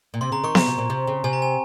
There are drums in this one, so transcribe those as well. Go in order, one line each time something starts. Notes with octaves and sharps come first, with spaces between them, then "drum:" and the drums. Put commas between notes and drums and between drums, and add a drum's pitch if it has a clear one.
A#2
C3 C6
C#3 A#5
D#3 C#6
C#3 A#5, drum: snare B3
C3
A#2
C3
C#3
C3 G#5
A#5
G#5